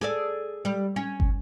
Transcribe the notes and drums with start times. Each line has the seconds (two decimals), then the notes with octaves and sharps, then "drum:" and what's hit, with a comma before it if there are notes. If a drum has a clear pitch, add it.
0.01 G#4 A4 D5
0.65 G3
0.96 C#4
1.20 drum: kick